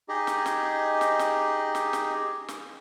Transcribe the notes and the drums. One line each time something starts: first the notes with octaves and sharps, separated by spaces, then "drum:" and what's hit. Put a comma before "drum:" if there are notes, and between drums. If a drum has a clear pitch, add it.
D#4 G4 G#4 D#5
drum: snare
drum: snare
drum: snare
drum: snare
drum: snare
drum: snare
drum: snare